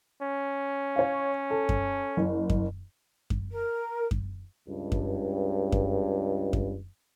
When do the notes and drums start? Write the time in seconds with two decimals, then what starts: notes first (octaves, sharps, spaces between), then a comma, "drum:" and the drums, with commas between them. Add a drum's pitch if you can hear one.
0.22 C#4
0.96 C#5 F5
1.50 A4
1.69 drum: kick F#2
2.17 F#1
2.50 drum: kick F#2
3.30 drum: kick F#2
3.50 A#4
4.11 drum: kick F#2
4.68 C#2 G2
4.92 drum: kick F#2
5.72 drum: kick F#2
6.53 drum: kick F#2